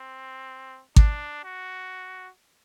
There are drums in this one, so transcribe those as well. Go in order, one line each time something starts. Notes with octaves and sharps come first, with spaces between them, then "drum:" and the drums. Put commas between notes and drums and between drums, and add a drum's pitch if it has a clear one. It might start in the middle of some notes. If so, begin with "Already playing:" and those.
Already playing: C4
D4, drum: kick G#1
F#4